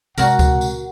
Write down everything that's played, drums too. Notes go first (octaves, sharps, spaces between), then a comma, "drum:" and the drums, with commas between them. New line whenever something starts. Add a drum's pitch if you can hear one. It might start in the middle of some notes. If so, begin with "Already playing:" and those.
C3 G#3 F#4 A#4 F#5, drum: tambourine
drum: kick C#2, tambourine
drum: tambourine